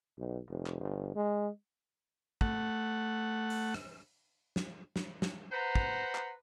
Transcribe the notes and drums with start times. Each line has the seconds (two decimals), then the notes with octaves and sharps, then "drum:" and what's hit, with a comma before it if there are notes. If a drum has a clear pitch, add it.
0.18 B1
0.49 F1
0.66 drum: clap
0.80 G1
1.15 G#3
2.41 A3 F#5, drum: kick
3.50 drum: open hi-hat
3.74 drum: rim click
4.56 drum: snare
4.96 drum: snare
5.22 drum: snare
5.52 B4 C5 F#5 A#5
5.75 drum: kick
6.15 drum: clap